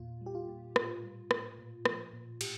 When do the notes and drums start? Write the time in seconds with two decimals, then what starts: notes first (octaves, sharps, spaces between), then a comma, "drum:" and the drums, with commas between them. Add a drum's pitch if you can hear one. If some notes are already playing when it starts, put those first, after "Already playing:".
Already playing: E2 A#2 F4
0.21 G3
0.26 G4
0.35 F4
0.48 A#2
0.76 A2, drum: rim click
1.03 G3
1.31 A2, drum: rim click
1.59 A#2
1.85 F3, drum: rim click
2.13 A#2
2.41 A2 G4, drum: cymbal